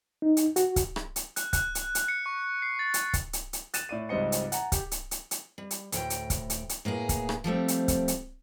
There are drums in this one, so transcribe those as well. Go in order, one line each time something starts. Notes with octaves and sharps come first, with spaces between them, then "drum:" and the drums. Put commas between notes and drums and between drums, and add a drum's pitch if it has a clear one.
D#4
drum: hi-hat
F#4, drum: hi-hat
drum: kick, hi-hat
drum: rim click
drum: hi-hat
F#6, drum: hi-hat
F#6, drum: kick, hi-hat
drum: hi-hat
drum: hi-hat
C#7
C#6
C7
A6
drum: hi-hat
drum: kick, hi-hat
drum: hi-hat
drum: hi-hat
F#6 A6 D#7 E7, drum: hi-hat
A2 D5 D#7
C#2 G#2 G3 C4 D#5 C#7
drum: hi-hat
F#5 G#5 A#5, drum: hi-hat
G4, drum: kick, hi-hat
drum: hi-hat
drum: hi-hat
drum: hi-hat
G3
drum: hi-hat
D2 A2 G5, drum: hi-hat
drum: hi-hat
drum: kick, hi-hat
drum: hi-hat
drum: hi-hat
A2 A#3 B3 G#4
drum: kick, hi-hat
drum: rim click
F3 G3 A3 C4
drum: hi-hat
drum: kick, hi-hat
drum: hi-hat